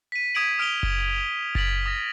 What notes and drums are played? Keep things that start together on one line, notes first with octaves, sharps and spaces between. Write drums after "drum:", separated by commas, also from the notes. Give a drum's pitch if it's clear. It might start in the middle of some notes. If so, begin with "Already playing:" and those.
B6 D#7
D#6 G#6 B6 D7 D#7 F#7
D#6 F6 D7 F7 G7
drum: kick F#1
A6 B6 D7 F#7, drum: kick F#1
D#6 A#6